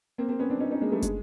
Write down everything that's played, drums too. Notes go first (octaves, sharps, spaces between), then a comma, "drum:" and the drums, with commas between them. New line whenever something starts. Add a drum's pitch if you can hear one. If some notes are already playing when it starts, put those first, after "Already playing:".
A#3 C4
A#3 C4
B3 C#4
C4 D4
C#4 D#4
C#4 D#4
G#3 A#3
G3 A3
G#3, drum: kick, hi-hat